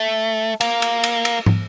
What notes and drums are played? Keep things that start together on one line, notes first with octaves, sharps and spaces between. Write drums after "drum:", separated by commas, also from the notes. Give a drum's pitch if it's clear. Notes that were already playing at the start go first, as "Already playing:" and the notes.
Already playing: A3
A#3, drum: cymbal
drum: cymbal
drum: cymbal
drum: cymbal
drum: tom